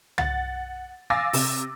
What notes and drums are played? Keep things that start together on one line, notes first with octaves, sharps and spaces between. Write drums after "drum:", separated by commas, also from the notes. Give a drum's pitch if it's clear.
F#5 A6, drum: tom
F5 G#5 D6 E6 A6 A#6
C3, drum: open hi-hat